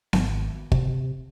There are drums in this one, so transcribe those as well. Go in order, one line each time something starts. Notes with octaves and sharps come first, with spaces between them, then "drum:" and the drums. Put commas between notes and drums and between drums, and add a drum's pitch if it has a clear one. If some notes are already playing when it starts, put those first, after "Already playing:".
G#1, drum: snare B3
C3, drum: kick